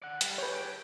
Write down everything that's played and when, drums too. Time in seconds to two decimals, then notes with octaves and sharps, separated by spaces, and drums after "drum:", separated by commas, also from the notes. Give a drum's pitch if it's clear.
0.02 D5 F#5
0.21 G3, drum: hi-hat
0.38 G4 G#4 B4 C#5
0.55 D7